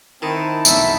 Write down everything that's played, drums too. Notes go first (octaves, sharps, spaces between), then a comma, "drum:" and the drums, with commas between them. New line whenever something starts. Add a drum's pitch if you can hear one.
D#3 C4 D#4 E4 A5
F1 B1 E5, drum: tambourine